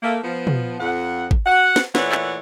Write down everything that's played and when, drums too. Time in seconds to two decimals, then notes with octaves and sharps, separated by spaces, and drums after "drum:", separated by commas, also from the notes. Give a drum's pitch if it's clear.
0.03 A3 A#3
0.23 F3 B3
0.47 drum: tom
0.80 F2 F#5
1.31 drum: kick
1.46 F#4 F#5
1.76 drum: snare
1.95 A#2 E3 A3 C#5 D5 F#5, drum: snare
2.12 drum: clap